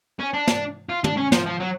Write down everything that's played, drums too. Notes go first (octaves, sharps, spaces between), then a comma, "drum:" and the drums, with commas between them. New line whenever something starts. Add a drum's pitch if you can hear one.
C#4
D4
drum: snare
F4
D4, drum: tom
C#4
F3, drum: snare
F3
F#3